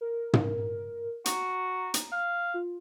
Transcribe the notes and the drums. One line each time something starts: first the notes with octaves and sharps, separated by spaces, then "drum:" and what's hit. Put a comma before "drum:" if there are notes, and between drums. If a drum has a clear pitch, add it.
A#4
drum: tom
F#4 A#5, drum: hi-hat
drum: hi-hat
F5
F4